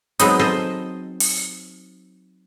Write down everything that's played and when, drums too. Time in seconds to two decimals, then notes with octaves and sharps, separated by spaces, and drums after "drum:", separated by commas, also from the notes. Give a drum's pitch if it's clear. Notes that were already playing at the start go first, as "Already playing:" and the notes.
0.19 F#3 G#3 B3 C4 D#4, drum: hi-hat
0.39 A4 C5 D#5
1.20 drum: open hi-hat